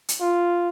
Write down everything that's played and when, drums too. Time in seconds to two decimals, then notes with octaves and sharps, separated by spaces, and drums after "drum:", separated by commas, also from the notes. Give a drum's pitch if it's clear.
0.09 drum: hi-hat
0.20 F4